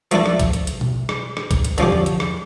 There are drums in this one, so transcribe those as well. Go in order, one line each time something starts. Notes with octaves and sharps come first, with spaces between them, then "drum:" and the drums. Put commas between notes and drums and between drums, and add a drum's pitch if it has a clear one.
F3 A3 D4 A4, drum: hi-hat
drum: rim click
drum: kick A#1, hi-hat
drum: hi-hat
drum: hi-hat
drum: tom B2
drum: rim click
drum: rim click
drum: kick A#1, hi-hat
drum: hi-hat
D3 F3 C#4 G4, drum: hi-hat
drum: tom E2
drum: hi-hat
drum: rim click